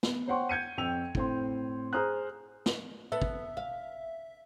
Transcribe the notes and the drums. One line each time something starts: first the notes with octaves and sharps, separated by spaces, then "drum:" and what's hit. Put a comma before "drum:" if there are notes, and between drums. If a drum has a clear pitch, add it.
B3, drum: snare
C5 C#5 F#5 G5 C6 C#6
G6 G#6 C#7 D#7
F2 G5 E6 F7
A2 C4 C6, drum: kick
G#4 C5 A#5 D#6 F6 F#6
drum: snare
B3 A4 E5
drum: kick
F5